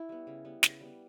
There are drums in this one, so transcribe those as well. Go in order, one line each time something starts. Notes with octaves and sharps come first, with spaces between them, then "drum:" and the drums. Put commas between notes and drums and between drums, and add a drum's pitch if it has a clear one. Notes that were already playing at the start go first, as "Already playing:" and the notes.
Already playing: E4
G3 B3
C#3
G3 B3
C#3, drum: snare
G3 B3